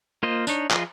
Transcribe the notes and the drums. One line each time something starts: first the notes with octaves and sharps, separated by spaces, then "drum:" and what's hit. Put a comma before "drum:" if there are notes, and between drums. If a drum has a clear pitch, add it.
A#3 F4 C5 D#5
D4 D#4 C#5, drum: tambourine
F3 F4 G#4 D#5, drum: clap